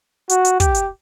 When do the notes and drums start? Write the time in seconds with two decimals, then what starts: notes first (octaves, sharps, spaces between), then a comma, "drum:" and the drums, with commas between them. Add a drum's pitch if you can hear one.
0.29 F#4, drum: hi-hat
0.45 drum: hi-hat
0.60 G4, drum: kick, hi-hat
0.75 drum: hi-hat